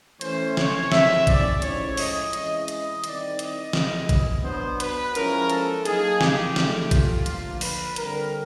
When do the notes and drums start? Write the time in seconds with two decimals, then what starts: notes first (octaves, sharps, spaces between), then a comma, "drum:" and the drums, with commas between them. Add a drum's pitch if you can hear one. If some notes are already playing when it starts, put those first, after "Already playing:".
0.21 E3 A3 C#4 C5, drum: hi-hat
0.57 C#5, drum: snare
0.92 B2 G#3 C4 D#4 E5, drum: snare
1.27 D5, drum: kick, hi-hat
1.62 A2 F3 G#3 C#4 E4 C#5, drum: hi-hat
1.97 D#5, drum: open hi-hat
2.33 C3 E3 G#3 C#4 E4 D#5, drum: hi-hat
2.68 D#5, drum: hi-hat
3.04 D#3 G3 C4 E4 D5, drum: hi-hat
3.39 D#5, drum: hi-hat
3.73 B2 G#3 B3 E4, drum: snare
4.09 drum: kick, hi-hat
4.44 F#3 B3 D4 C5
4.80 B4, drum: hi-hat
5.15 F3 G#3 C#4 E4 A#4, drum: hi-hat
5.50 A4, drum: hi-hat
5.85 F#3 A#3 D#4 G#4, drum: hi-hat
6.21 G4, drum: snare
6.56 E3 A3 D4, drum: snare
6.91 F4, drum: kick, hi-hat
7.26 D3 F3 A#3 F4, drum: hi-hat
7.61 B4, drum: open hi-hat
7.96 D3 G3 C4 A#4, drum: hi-hat